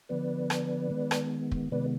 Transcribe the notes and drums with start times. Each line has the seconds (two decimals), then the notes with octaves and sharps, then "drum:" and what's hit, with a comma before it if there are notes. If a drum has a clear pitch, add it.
0.09 D3 F3 B3 B4 D5
0.50 drum: rim click
0.90 D#3 G#3 B3
1.11 drum: rim click
1.51 drum: kick
1.72 C3 D#3 G#3 B3 B4 D5